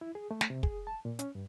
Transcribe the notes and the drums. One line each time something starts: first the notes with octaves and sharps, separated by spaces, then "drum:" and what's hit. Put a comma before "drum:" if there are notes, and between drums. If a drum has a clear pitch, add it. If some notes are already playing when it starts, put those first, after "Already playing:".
E4
G#4
A3
drum: snare
C3
G#4, drum: kick
A5
A#2
C#4, drum: hi-hat
G2